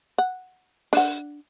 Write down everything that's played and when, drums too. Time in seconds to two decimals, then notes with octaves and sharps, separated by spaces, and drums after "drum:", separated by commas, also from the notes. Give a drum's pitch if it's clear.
0.18 F#5
0.93 D4 F#5, drum: open hi-hat